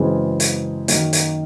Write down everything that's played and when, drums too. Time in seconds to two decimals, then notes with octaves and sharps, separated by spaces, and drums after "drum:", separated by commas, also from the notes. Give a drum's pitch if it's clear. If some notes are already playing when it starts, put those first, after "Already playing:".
Already playing: F#2 C#3 E3 G#3 C4
0.40 drum: hi-hat
0.88 F#2 D#3 F#3 A#3, drum: hi-hat
1.13 drum: hi-hat